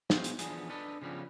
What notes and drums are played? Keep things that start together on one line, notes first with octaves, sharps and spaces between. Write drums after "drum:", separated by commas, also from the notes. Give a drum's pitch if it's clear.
B3 F#4 G#4 C5 F5 G5, drum: snare
drum: hi-hat
D3 E3 F3 B3 G#4, drum: hi-hat
D4 A4 B4 D#5
C#3 F3 G3 B3 C#4